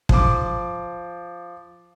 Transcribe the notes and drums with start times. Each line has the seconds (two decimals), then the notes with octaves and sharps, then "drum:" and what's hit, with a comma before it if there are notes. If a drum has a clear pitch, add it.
0.09 F3 D6, drum: kick